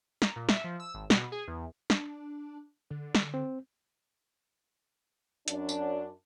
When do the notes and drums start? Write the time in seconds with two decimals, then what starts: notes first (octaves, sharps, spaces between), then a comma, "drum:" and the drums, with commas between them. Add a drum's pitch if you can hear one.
0.22 A#5, drum: snare
0.36 A#2
0.49 E5, drum: snare
0.64 F3
0.80 E6
0.94 G#1
1.10 B2, drum: snare
1.32 G#4
1.47 E2
1.90 D4, drum: snare
2.90 D3
3.15 drum: snare
3.34 C4
5.48 F#2 D4, drum: hi-hat
5.69 drum: tambourine